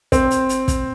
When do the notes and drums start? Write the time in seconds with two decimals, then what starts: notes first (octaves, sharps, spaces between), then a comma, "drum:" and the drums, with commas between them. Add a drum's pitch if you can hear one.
0.12 C4, drum: kick, hi-hat
0.31 drum: hi-hat
0.49 drum: hi-hat
0.68 drum: kick, hi-hat